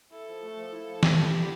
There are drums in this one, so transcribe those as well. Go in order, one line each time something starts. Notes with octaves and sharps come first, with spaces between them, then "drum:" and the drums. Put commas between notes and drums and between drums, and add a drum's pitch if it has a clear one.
E4 A4
F3
A3
F3
E4
F3
A3 G4, drum: snare
E4
D3